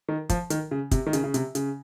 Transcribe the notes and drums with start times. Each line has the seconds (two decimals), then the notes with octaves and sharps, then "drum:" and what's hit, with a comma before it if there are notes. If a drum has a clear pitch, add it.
0.08 D#3
0.29 F3, drum: kick, hi-hat
0.50 D#3, drum: hi-hat
0.71 C#3
0.91 C3, drum: kick, hi-hat
1.06 D#3
1.13 C#3, drum: hi-hat
1.24 C#3
1.34 C3, drum: hi-hat
1.55 C#3, drum: hi-hat